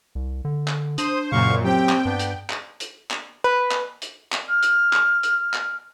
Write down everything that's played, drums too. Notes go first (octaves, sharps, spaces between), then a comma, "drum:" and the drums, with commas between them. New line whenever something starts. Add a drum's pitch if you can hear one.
C2
D3
drum: clap
D4 C5 D#6, drum: hi-hat
F#2 A#2 C#3 F5 C#6
F#3 C4 G4 G5
drum: clap
G2 B3 D4
drum: hi-hat
drum: clap
drum: hi-hat
drum: clap
B4
drum: clap
drum: hi-hat
drum: clap
F6
drum: hi-hat
drum: clap
drum: hi-hat
drum: clap